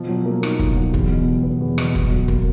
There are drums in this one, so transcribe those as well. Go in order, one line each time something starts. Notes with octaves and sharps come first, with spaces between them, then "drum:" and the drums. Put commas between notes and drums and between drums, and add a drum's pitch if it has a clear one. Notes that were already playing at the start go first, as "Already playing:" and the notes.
Already playing: B2 F3
F#3
A#3
D#4, drum: rim click
B2, drum: kick
F#3
E2, drum: kick
B2
G3
B3
E2
B2, drum: rim click
B2, drum: kick
F#3
A#3, drum: kick